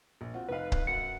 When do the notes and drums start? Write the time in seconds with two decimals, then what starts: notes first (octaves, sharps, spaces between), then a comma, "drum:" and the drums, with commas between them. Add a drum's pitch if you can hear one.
0.21 A#1
0.34 C4 F4 F#4
0.49 F1 D#4 B4 F5
0.72 drum: kick C#1
0.87 F#2 F#5 C#7